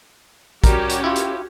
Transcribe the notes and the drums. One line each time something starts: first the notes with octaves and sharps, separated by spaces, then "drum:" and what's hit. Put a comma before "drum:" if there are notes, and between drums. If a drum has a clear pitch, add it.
G3 C#4 F#4 G4 A#4, drum: kick, hi-hat
drum: hi-hat
E4 F4
drum: hi-hat